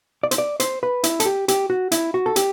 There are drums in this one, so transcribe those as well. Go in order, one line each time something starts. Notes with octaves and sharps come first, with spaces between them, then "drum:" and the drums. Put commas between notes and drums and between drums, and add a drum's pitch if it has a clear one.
D5
C5, drum: hi-hat
D5
C5, drum: hi-hat
B4
E4, drum: hi-hat
A4, drum: hi-hat
G4
G4, drum: hi-hat
F#4
E4, drum: hi-hat
F#4
A4
G4, drum: hi-hat